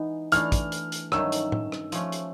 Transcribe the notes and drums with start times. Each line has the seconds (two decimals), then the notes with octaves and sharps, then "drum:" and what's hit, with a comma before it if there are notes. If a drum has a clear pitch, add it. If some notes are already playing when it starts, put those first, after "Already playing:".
Already playing: E3 G#3 B3 D#4
0.32 E3 A3 D4 F6, drum: hi-hat
0.52 drum: kick, hi-hat
0.72 drum: hi-hat
0.92 drum: hi-hat
1.12 G2 D#3 F#3 A3 C#4 E6, drum: rim click
1.32 drum: hi-hat
1.52 drum: tom A2
1.72 drum: rim click
1.92 F3 A3 C#4, drum: hi-hat
2.12 drum: hi-hat